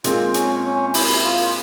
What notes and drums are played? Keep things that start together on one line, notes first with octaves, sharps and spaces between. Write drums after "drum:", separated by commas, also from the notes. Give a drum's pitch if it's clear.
A#2 G#3 C4 F4, drum: hi-hat
C#4, drum: hi-hat
C#4
E4, drum: open hi-hat
F4